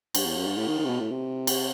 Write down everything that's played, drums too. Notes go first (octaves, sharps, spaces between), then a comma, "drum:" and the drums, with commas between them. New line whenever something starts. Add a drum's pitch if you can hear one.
G2, drum: cymbal
E2
F#2
G2
A2
D#3
D#3
C3
B2
A2
C3
drum: cymbal